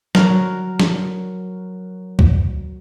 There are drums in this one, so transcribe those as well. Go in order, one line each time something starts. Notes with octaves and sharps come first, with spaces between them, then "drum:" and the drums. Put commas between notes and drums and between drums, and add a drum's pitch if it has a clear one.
F#3 A#4, drum: snare
drum: snare
drum: kick C2